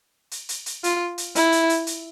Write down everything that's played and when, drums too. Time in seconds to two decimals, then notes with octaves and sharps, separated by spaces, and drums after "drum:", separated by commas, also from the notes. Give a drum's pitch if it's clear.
0.31 drum: hi-hat
0.49 drum: hi-hat
0.66 drum: hi-hat
0.84 F4, drum: hi-hat
1.18 drum: hi-hat
1.35 E4, drum: hi-hat
1.52 drum: hi-hat
1.69 drum: hi-hat
1.87 drum: hi-hat